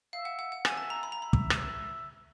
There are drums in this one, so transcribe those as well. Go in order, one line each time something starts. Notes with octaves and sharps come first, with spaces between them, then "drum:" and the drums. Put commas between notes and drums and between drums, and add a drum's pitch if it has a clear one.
E5 F5
F#5
F#5
F#5
E5 G#5, drum: rim click
A5
A#5
B5
E5 A#5
B5
drum: kick
drum: rim click